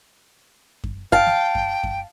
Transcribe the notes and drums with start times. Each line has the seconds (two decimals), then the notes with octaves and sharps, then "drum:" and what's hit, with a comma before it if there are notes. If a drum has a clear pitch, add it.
0.84 drum: kick F#2
1.12 F5 G5 A5, drum: kick F#2
1.27 drum: snare
1.55 drum: kick F#2
1.84 drum: kick F#2